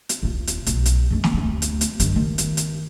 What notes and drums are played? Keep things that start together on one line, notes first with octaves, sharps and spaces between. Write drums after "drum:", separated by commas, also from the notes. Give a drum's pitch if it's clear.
drum: hi-hat
D#1 F4
drum: hi-hat
B1, drum: hi-hat
drum: hi-hat
F#2 G#3
drum: snare
D2 A3
drum: hi-hat
drum: hi-hat
G2 D#3, drum: hi-hat
D#3
drum: hi-hat
drum: hi-hat